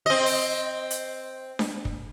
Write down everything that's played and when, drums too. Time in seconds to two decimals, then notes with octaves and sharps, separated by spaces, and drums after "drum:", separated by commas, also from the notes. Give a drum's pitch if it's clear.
0.06 C4 D#5
0.26 drum: open hi-hat
0.91 drum: hi-hat
1.59 drum: snare D4
1.85 drum: kick